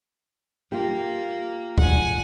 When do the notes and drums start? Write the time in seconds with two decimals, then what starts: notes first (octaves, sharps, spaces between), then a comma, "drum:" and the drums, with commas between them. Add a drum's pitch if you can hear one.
0.72 A#3 F4 G4
1.78 F#5 G#5, drum: kick C#2